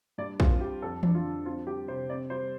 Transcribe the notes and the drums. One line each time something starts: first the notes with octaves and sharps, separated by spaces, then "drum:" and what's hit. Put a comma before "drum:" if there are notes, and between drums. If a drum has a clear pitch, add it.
G2 D5
C4 F4, drum: kick
G3 G4
F2 A4
F3 D4, drum: tom E3
F4
D3
C4 F4
G3 G4
C3 C5
C4 D5
G3 C5